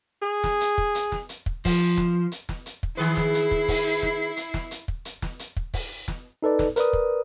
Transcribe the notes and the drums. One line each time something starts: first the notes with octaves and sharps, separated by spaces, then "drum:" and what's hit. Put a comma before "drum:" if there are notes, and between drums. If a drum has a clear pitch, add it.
G#4
drum: snare
drum: hi-hat
drum: kick
drum: hi-hat
drum: snare
drum: hi-hat
drum: kick
F3, drum: kick, open hi-hat
drum: snare
drum: hi-hat
drum: snare
drum: hi-hat
drum: kick
D#3 E4 G#4 B4 C7
drum: snare
drum: hi-hat
drum: kick
drum: kick, open hi-hat
drum: snare
drum: hi-hat
drum: snare
drum: hi-hat
drum: kick
drum: hi-hat
drum: snare
drum: hi-hat
drum: kick
drum: kick, open hi-hat
drum: snare
D#4 A4 B4 D5
drum: snare
A#4 B4 D5 D#6, drum: hi-hat
drum: kick